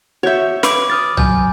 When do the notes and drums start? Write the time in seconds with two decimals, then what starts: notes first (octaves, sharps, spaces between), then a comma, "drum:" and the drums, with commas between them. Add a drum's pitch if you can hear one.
0.23 F#4 C#5 E5 G6
0.63 B4 B5 D6 D7, drum: snare
0.90 D#6 F6 A6
1.17 F#3 G#5 G6, drum: tom B1